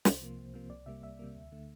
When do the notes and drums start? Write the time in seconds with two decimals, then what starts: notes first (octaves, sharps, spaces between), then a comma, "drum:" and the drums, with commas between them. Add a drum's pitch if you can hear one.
0.05 C2 C5, drum: snare
0.22 C3 F3 A#3
0.37 C2
0.54 C3 F3 A#3
0.70 C2 D5
0.86 C3 G3 A#3 E5
1.03 C2 E5
1.19 C3 G3 A#3
1.36 D2
1.52 D3 A3